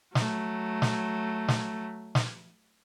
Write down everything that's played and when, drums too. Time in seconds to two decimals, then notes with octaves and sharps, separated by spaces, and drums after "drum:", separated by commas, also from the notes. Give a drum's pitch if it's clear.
0.15 F#3 A3, drum: snare
0.82 drum: snare
1.48 drum: snare
2.15 drum: snare